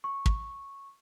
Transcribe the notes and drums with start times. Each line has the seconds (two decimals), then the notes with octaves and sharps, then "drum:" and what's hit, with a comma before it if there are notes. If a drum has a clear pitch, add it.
0.04 C#6
0.26 drum: kick